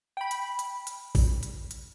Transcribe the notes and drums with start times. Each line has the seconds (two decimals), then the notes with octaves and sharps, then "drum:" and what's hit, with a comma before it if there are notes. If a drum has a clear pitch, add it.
0.17 G5 B5
0.31 drum: hi-hat
0.59 drum: hi-hat
0.87 drum: hi-hat
1.15 drum: kick A1, open hi-hat
1.43 drum: hi-hat
1.71 drum: hi-hat